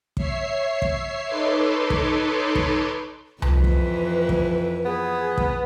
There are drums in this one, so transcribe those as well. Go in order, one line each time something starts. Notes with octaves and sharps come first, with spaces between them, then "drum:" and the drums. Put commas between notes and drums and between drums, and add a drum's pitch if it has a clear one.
C#5 E5 C7, drum: kick
drum: kick
D#4 A4 B4 C#5 C6 D6
drum: kick
drum: kick
F2 E3 B4, drum: tom C2
drum: kick
drum: kick
B3 G#4
drum: kick